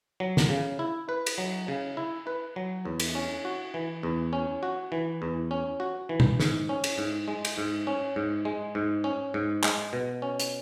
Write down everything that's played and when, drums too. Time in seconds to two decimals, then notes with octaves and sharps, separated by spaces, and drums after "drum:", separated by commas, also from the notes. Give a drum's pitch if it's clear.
0.20 F#3
0.37 drum: snare
0.50 C#3
0.79 E4
1.09 B4
1.26 drum: cymbal
1.38 F#3
1.68 C#3
1.97 E4
2.27 B4
2.56 F#3
2.85 E2
3.00 drum: cymbal
3.15 C#4
3.45 F#4
3.74 E3
4.03 E2
4.33 C#4
4.63 F#4
4.92 E3
5.22 E2
5.51 C#4
5.80 F#4
6.09 E3
6.20 drum: tom
6.40 G#2, drum: snare
6.69 C#4
6.84 drum: cymbal
6.98 G#2
7.28 G#3
7.45 drum: cymbal
7.58 G#2
7.87 C#4
8.16 G#2
8.45 G#3
8.75 G#2
9.04 C#4
9.34 G#2
9.64 G#3, drum: clap
9.93 B2
10.22 C#4
10.40 drum: hi-hat